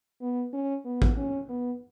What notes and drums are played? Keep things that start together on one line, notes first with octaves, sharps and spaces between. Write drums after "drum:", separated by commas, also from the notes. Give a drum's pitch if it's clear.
B3
C#4
B3
drum: kick
C#4
B3